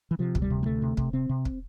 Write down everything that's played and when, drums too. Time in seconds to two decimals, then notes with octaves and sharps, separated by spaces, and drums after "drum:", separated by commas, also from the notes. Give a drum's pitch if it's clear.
0.11 E3
0.19 C3 F3
0.35 D2, drum: kick
0.42 G3
0.50 C3
0.63 G3
0.66 D2 A3
0.82 C3
0.97 C3, drum: kick
1.13 C3 C4
1.29 C3
1.45 drum: kick